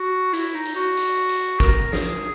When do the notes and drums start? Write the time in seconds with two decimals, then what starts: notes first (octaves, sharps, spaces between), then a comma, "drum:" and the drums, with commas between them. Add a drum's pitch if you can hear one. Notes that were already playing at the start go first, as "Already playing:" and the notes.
Already playing: F#4
0.33 E4, drum: hi-hat
0.55 D#4
0.65 drum: hi-hat
0.75 F#4
0.97 drum: hi-hat
1.29 drum: hi-hat
1.60 A#4, drum: kick, hi-hat
1.93 G#4, drum: snare